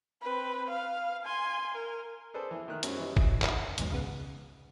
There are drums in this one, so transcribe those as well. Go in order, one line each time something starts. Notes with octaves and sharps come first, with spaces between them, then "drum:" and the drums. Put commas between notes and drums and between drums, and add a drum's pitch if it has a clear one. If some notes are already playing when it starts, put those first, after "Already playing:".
C4 B4
F5
G#5 C6
A#4
G#4 A4 B4 C5 D5
E3
D#3 A3 A#4 F#6
F#2 F#3 G#3 C4 C#4, drum: hi-hat
E3 G3 B3 D#4
E3 F#3 D#4, drum: kick
drum: clap
B1 E2 G#2, drum: hi-hat
C#2 C#3 B3